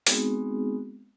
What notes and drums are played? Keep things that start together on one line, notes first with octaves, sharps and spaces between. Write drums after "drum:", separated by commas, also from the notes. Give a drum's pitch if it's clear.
G#3 B3 C4 D#4 F#4 G#4, drum: open hi-hat